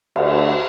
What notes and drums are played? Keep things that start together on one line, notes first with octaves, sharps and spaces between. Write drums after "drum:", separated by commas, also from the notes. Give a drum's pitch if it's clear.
D2, drum: cymbal